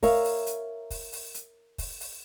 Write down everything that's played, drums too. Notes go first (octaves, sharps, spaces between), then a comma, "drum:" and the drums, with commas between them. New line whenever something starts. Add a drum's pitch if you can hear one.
A#4 C#5 E5 F5, drum: kick, open hi-hat
drum: open hi-hat
drum: hi-hat
drum: kick, open hi-hat
drum: open hi-hat
drum: hi-hat
drum: kick, open hi-hat
drum: open hi-hat